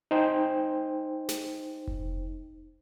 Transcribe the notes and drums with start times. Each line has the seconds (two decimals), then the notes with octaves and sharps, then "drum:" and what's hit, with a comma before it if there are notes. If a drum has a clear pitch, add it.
0.11 D#4 C5 G5
1.29 drum: snare
1.87 drum: kick F1